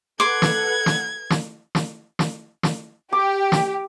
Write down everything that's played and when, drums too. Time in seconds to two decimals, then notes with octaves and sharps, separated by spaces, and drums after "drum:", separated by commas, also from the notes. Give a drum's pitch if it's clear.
0.20 A4 B4 F#5 C6 D6 G#6
0.42 drum: snare
0.86 drum: snare
1.30 drum: snare
1.75 drum: snare
2.19 drum: snare
2.63 drum: snare
3.13 G4 D6
3.52 drum: snare